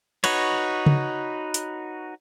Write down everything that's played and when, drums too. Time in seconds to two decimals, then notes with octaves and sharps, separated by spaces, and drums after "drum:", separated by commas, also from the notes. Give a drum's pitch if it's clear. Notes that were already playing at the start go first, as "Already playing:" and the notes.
0.24 D#4 F#4 B4 C#5, drum: cymbal
0.86 drum: tom C#3
1.54 drum: hi-hat